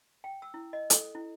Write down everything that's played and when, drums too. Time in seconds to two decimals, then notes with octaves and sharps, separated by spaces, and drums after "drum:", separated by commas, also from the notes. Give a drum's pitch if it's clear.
0.24 G5
0.42 E6
0.54 E4
0.73 D#5
0.90 A4, drum: hi-hat
1.15 E4